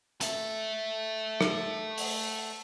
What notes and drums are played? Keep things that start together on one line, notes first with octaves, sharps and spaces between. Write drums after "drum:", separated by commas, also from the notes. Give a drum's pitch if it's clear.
A4 E5, drum: hi-hat
drum: rim click
drum: open hi-hat